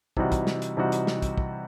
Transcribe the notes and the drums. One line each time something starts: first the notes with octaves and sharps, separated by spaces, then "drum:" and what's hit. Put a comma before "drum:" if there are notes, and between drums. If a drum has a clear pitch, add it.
C3 E3 G3 D#4 F#4, drum: kick
drum: kick, hi-hat
drum: snare
drum: hi-hat
C3 E3 G3 D#4 F#4
drum: hi-hat
drum: snare
drum: kick, hi-hat
drum: kick